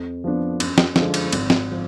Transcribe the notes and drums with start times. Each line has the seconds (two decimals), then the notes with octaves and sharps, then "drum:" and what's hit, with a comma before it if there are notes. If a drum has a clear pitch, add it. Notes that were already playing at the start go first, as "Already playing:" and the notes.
Already playing: F2
0.24 F3 B3 D4
0.60 F#2, drum: cymbal
0.78 drum: snare
0.96 D3 F3 G#3, drum: snare
1.14 drum: cymbal
1.32 G#1, drum: cymbal
1.50 drum: snare
1.71 F3